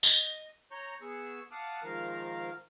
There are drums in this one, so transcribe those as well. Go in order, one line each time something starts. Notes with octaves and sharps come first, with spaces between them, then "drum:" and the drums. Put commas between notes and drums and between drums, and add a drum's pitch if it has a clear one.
D#5, drum: tambourine
C#5 A#5 C#6 G6
B3 G#4 C#6 E6
F5 F#5 A5 D6 D#6
G#2 D#3 F3 A#4 F5 F6